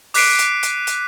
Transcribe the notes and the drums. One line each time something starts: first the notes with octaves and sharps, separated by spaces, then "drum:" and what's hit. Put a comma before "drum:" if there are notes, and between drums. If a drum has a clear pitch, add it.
D6 F#6 B6 C7 D7 D#7, drum: open hi-hat
drum: hi-hat
drum: hi-hat
drum: hi-hat